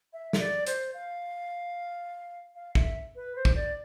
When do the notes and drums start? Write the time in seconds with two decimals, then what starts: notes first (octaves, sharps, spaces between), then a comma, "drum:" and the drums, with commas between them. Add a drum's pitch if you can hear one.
0.13 E5
0.33 E5, drum: snare
0.40 D5
0.67 C5, drum: hi-hat
0.94 F5
2.56 F5
2.75 E5, drum: kick
3.16 B4
3.36 C5
3.45 drum: kick
3.55 D5